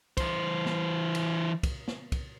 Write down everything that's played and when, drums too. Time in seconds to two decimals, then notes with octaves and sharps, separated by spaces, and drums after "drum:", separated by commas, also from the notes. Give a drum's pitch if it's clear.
0.17 E3 C5, drum: kick, cymbal
0.66 drum: snare
1.15 drum: cymbal
1.63 drum: kick, cymbal
1.88 drum: snare
2.12 drum: kick, cymbal